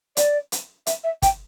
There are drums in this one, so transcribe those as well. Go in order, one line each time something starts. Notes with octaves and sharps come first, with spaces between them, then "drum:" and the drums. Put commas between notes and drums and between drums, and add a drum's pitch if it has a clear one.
D5, drum: hi-hat
drum: hi-hat
E5, drum: hi-hat
E5
G5, drum: kick, hi-hat